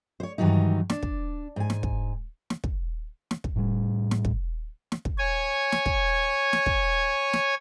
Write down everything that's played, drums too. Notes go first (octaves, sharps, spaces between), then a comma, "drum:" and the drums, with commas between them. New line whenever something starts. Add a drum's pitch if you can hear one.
C5 C#5
G2 D#3 E3 F#3 D#4
D4, drum: snare
drum: kick
G#2 G#5
drum: snare
drum: kick
drum: snare
drum: kick
drum: snare
drum: kick
A2 G3
drum: snare
drum: kick
drum: snare
drum: kick
C#5 G#5
drum: snare
drum: kick
drum: snare
drum: kick
drum: snare